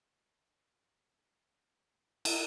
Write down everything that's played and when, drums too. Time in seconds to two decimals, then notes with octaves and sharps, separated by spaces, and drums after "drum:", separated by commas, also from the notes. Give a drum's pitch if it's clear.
0.16 A3 B3 C4 E4 F#4 D5
2.25 drum: cymbal